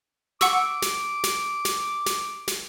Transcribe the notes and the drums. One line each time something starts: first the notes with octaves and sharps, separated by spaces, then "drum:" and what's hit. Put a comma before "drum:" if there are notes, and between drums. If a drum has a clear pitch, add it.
F#5 C#6 D6 E6, drum: snare
drum: snare
drum: snare
drum: snare
drum: snare
drum: snare